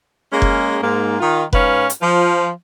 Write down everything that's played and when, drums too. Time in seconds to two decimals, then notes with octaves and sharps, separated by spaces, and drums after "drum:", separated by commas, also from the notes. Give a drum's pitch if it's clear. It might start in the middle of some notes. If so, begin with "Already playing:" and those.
0.31 G#3 A#3 C#4 G#4
0.42 drum: kick F1
0.82 G#2 A#3
1.19 D#3 F4
1.53 G#2 C#4 B4 F5, drum: kick F1
1.90 drum: hi-hat
2.01 F3